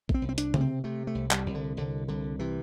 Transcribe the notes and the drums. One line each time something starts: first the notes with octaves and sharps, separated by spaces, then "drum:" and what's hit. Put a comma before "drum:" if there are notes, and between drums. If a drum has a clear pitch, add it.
A3, drum: kick A1
C4
C2
C4
D4, drum: hi-hat
C3, drum: tom C#3
C4
C3 A3
A3
C2
G3, drum: clap
C2
D3
C2 D3
C2 D3
C3 E3